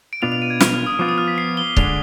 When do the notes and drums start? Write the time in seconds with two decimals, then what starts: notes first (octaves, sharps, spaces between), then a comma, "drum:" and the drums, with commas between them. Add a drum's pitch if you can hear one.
0.13 D7
0.22 B2 B3 D4 F4 F7
0.32 F7
0.42 D#7
0.50 G#6
0.60 F6, drum: snare
0.74 F6
0.86 D#6
0.99 F3 B3 F4 D6
1.09 D#6
1.18 F6
1.28 B6
1.38 C7
1.57 G7
1.77 D3 G#3 D4 F7, drum: kick